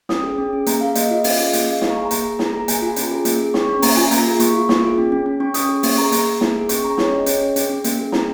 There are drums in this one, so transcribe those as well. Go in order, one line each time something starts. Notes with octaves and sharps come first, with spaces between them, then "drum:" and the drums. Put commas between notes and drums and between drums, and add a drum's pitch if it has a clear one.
C#4 D#6, drum: snare
G#4
C#4
G#4
A#3 A#5, drum: hi-hat
G#4 F5
A#3 D#5, drum: hi-hat
F4 D#5
C#4 F5, drum: open hi-hat
G#4
A#3 D#5, drum: hi-hat
G#4 F5
A#3 C#6, drum: snare
A#5
G#4 G#5
A#5
A#3, drum: hi-hat
G#4
A#3 A#5, drum: snare
G#4 A#5
A#3 G#5, drum: hi-hat
F4 G#5
C#4 A#5, drum: hi-hat
G#4
A#3, drum: hi-hat
G#4
C#4 C#6, drum: snare
C#4
A#3 A#5, drum: open hi-hat
F4 G#5
A#3 A#5, drum: hi-hat
G#4
A#3 C#6, drum: hi-hat
F4
A#3, drum: snare
G#4
C#4
C#4
C#4
C#4 C#6
C#4 D#6, drum: hi-hat
G#4
A#3 C#6, drum: open hi-hat
G#4 A#5
A#3 A#5, drum: hi-hat
G#4
A#3, drum: snare
G#4
C#4 C#6, drum: hi-hat
G#4 A#5
C#4 C#5, drum: snare
G#4 D#5
C#4 C#5, drum: hi-hat
G#4
C#4, drum: hi-hat
C#4
A#3, drum: hi-hat
G#4
C#4 A#5, drum: snare